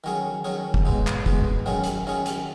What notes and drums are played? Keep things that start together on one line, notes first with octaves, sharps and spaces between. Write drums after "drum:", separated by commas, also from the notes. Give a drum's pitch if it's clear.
D#3 F#3 C#4 G#4
D#3 F#3 C#4 G#4
drum: kick
B2 G#3 D#4
drum: clap
B2 G#3 D#4, drum: kick
F#2 D#3 F#3 C#4 G#4
drum: hi-hat
F#2 D#3 F#3 C#4 G#4
drum: hi-hat